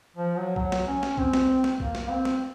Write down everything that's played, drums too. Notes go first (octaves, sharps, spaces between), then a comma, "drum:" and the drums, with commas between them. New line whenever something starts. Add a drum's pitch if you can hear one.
F3
F#3
F#3, drum: kick B1
drum: snare
C#4
drum: snare
C4, drum: kick B1
drum: snare
drum: snare
A#3, drum: kick B1
drum: snare
C4
drum: snare